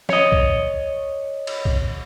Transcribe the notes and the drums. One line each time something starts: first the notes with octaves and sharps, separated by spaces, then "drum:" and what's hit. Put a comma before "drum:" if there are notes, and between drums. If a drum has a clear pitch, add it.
C#5 D#5, drum: snare
drum: kick B1
drum: cymbal
drum: kick B1